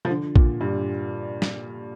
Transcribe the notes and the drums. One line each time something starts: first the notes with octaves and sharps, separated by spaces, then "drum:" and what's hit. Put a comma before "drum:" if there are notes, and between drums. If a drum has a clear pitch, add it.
F3
D3
A#2, drum: kick A#1
G2
drum: snare